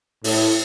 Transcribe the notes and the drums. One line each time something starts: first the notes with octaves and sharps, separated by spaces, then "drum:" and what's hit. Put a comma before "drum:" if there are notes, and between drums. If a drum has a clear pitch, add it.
A2, drum: open hi-hat